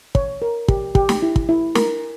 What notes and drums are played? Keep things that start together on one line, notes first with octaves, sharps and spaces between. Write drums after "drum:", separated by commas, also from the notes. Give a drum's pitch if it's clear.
C#5, drum: kick
A#4
G4, drum: kick
G4, drum: kick
drum: snare
E4
drum: kick
E4
A#4, drum: snare